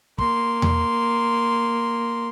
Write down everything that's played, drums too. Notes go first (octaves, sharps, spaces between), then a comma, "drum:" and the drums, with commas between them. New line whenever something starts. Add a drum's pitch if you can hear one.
A#3 C6, drum: kick
drum: tom E2